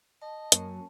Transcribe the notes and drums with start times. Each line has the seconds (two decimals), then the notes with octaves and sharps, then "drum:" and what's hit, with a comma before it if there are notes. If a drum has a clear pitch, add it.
0.22 D#5 A5
0.52 F#2 A#3 C#4, drum: hi-hat